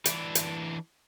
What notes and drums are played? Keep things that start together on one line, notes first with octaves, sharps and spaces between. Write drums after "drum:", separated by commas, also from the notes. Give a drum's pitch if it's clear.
E3 D4, drum: hi-hat
drum: hi-hat